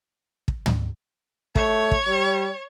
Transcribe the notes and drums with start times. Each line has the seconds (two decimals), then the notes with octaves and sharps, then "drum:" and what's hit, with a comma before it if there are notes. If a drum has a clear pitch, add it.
0.48 drum: kick
0.66 drum: tom
1.55 A3 C#5, drum: kick
1.91 drum: kick
2.08 G3